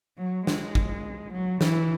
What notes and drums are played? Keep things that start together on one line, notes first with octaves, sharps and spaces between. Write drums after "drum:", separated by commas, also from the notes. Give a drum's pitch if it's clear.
F#3
G#3, drum: snare
drum: kick
F#3
E3, drum: snare